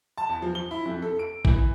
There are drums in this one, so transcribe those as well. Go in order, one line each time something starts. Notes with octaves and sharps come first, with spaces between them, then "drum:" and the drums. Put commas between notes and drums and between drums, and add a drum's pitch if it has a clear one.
A5
E2
F3
G7
E4
F2
A4
D7
E3, drum: kick A#1